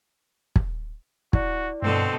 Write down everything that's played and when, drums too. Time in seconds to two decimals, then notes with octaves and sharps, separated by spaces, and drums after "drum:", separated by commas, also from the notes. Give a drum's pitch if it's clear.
0.56 drum: kick
1.33 E4 F#4 D5, drum: kick
1.82 G2 B2 D3 C4 A4